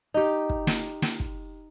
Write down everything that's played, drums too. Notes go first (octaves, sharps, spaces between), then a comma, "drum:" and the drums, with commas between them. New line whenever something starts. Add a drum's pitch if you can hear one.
D#4 G4
drum: kick
drum: snare
drum: snare
drum: kick